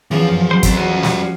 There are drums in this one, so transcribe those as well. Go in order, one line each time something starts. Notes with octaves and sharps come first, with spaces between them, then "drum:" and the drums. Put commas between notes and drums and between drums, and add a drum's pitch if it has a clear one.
E2 C#3 E3 F3
F#2
F#3 C5 C6
C4 A4 C5, drum: kick, hi-hat
F3 C#4 F#4
G3, drum: snare